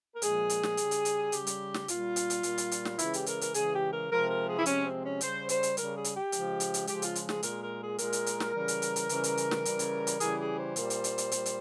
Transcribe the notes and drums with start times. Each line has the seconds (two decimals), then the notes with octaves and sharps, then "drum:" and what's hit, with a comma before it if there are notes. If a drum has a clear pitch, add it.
0.13 A#4
0.22 A#2 F3 G#3 G#4, drum: hi-hat
0.49 drum: hi-hat
0.63 drum: snare
0.77 C#3 G3, drum: hi-hat
0.91 drum: hi-hat
1.05 drum: hi-hat
1.32 C#3 G3 G4, drum: hi-hat
1.47 drum: hi-hat
1.74 drum: snare
1.88 A#2 G3 F4, drum: hi-hat
2.16 drum: hi-hat
2.30 drum: hi-hat
2.43 A#2 G3, drum: hi-hat
2.58 drum: hi-hat
2.71 drum: hi-hat
2.85 drum: snare
2.99 C#3 E3 G#3 E4, drum: hi-hat
3.14 G4, drum: hi-hat
3.26 A#4, drum: hi-hat
3.41 A#4, drum: hi-hat
3.54 C#3 E3 G#3 G#4, drum: hi-hat
3.73 G4
3.92 A#4
4.10 C3 F3 G#3 A#4
4.29 A#4
4.48 G#4
4.58 E4
4.66 C3 F3 G#3 C#4, drum: hi-hat
4.85 C4
5.02 C#4
5.21 C#3 G3 C5, drum: hi-hat
5.49 C5, drum: hi-hat
5.63 drum: hi-hat
5.77 C#3 G3 A#4, drum: hi-hat
5.95 G#4
6.04 drum: hi-hat
6.14 G4
6.32 C#3 F3 G#3, drum: hi-hat
6.60 drum: hi-hat
6.74 drum: hi-hat
6.87 C#3 F3 G#3 G4, drum: hi-hat
7.02 F4, drum: hi-hat
7.15 drum: hi-hat
7.29 G#4, drum: snare
7.43 A#2 G#3 A#4, drum: hi-hat
7.62 A#4
7.80 G#4
7.98 A#2 G#3 A#4, drum: hi-hat
8.13 drum: hi-hat
8.26 drum: hi-hat
8.40 drum: snare
8.54 C#3 E3 G3
8.68 drum: hi-hat
8.82 drum: hi-hat
8.96 drum: hi-hat
9.09 C#3 E3 G3, drum: hi-hat
9.24 drum: hi-hat
9.37 drum: hi-hat
9.51 drum: snare
9.65 C#3 E3 G3, drum: hi-hat
9.79 drum: hi-hat
10.07 drum: hi-hat
10.20 C#3 E3 G3 G#4, drum: hi-hat
10.39 G#4
10.57 C5
10.76 A#2 G3, drum: hi-hat
10.90 drum: hi-hat
11.04 drum: hi-hat
11.18 drum: hi-hat
11.32 A#2 G3, drum: hi-hat
11.46 drum: hi-hat